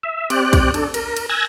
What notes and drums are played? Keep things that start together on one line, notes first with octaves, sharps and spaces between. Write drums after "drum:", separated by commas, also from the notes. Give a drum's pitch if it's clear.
E5
C4 G4 D5 F#6, drum: cymbal
drum: kick, cymbal
D4 A4, drum: cymbal
A#4, drum: cymbal
drum: cymbal
G#5 E6 F#6 G#6 A#6